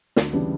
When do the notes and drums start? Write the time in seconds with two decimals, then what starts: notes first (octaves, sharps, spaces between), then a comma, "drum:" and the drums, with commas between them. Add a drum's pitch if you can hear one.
0.16 D2, drum: snare
0.33 C#3 E3 G3 D4